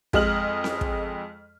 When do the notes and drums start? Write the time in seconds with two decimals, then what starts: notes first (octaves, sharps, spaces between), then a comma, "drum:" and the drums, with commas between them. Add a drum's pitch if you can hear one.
0.13 F2 G#3 D#5 F6 F#7, drum: kick
0.64 drum: snare C4
0.81 drum: kick